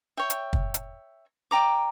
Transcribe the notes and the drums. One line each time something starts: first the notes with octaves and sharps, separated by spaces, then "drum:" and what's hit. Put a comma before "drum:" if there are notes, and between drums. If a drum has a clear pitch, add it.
C#5 E5 G5
drum: hi-hat
drum: kick
drum: hi-hat
D5 G5 A#5 D6